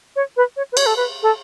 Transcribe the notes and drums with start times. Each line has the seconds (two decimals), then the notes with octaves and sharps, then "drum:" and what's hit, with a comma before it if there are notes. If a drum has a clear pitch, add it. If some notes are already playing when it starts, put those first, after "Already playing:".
0.16 C#5
0.37 B4
0.56 C#5
0.72 B4
0.77 C#5, drum: cymbal
0.86 A4
0.96 B4
1.23 A4